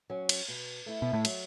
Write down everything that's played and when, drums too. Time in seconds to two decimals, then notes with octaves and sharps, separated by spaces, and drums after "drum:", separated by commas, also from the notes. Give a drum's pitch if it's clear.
0.10 F#3 C#4
0.29 drum: cymbal
0.48 B2
0.86 A3 E4
1.02 B2
1.13 A2
1.25 F#3, drum: cymbal